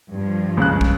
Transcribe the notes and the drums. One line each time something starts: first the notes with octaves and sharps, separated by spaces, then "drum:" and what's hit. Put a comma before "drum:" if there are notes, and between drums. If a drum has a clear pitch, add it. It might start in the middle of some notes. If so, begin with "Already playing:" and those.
G2 F3
C#2 C#3 F#6
drum: kick